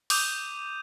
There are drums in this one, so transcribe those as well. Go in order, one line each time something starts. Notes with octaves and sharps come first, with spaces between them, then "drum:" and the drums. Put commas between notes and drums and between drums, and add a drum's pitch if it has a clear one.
D6 D#6 G6 D#7 F7, drum: open hi-hat